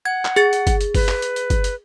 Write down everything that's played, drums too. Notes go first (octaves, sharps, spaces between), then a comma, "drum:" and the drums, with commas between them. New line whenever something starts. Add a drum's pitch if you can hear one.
F#5 G#6
drum: clap
G#4 A6, drum: hi-hat
drum: hi-hat
drum: kick G1, hi-hat
drum: hi-hat
B4, drum: kick G1, open hi-hat
drum: clap
drum: hi-hat
drum: hi-hat
drum: kick G1, hi-hat
drum: hi-hat